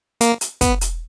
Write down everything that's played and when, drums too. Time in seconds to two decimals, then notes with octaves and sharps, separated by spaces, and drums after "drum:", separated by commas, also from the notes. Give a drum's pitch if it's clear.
0.21 A#3, drum: hi-hat
0.41 drum: hi-hat
0.61 B3, drum: kick, hi-hat
0.81 drum: hi-hat